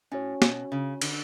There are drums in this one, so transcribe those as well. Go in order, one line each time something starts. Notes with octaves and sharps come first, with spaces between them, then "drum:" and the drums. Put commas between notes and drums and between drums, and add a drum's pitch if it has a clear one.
A2 C#4 F#4 C#5
B2, drum: snare
C#3
D3, drum: cymbal